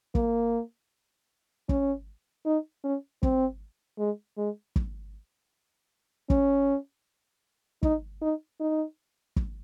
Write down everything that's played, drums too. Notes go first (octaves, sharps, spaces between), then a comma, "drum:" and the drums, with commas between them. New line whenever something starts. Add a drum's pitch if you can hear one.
A#3, drum: kick
C#4, drum: kick
D#4
C#4
C4, drum: kick
G#3
G#3
drum: kick
C#4, drum: kick
D#4, drum: kick
D#4
D#4
drum: kick